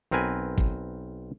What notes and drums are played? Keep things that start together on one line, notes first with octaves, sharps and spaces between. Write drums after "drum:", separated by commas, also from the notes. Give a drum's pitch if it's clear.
B1 C4 A#4 B4 G#5
drum: kick G#1